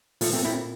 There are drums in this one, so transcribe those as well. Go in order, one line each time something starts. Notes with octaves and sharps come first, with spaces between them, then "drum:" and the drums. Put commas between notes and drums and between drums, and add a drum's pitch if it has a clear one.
A#2 F3 A3, drum: open hi-hat
A3 C4
A#2 C4 E4